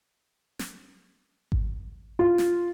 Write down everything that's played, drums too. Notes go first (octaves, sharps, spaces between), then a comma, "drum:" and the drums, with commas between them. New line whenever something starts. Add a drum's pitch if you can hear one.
drum: snare
drum: kick G#1
F4
drum: snare